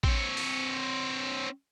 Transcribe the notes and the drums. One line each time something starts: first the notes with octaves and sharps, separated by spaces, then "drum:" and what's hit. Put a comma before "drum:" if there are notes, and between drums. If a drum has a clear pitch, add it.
C4 C#5, drum: kick A1
drum: open hi-hat